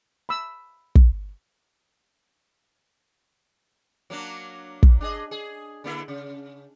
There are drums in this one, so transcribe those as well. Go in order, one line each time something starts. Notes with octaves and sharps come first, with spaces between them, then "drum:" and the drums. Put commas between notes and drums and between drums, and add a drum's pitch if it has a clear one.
B5 E6
drum: kick
F#3 A#3 D4
drum: kick
D4 G#4 D#5
G#4
D3 A#3 E4
C#3